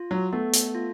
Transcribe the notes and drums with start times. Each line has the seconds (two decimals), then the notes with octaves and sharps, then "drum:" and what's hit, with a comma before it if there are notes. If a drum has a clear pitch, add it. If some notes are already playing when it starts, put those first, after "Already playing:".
Already playing: F4
0.11 F#3
0.33 A3 B3
0.53 drum: hi-hat
0.74 F4